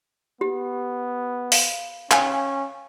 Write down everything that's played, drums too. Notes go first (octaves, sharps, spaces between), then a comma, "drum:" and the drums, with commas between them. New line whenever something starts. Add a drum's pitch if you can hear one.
B3 G4
F5, drum: open hi-hat
C#4 F5 G5 G#5, drum: clap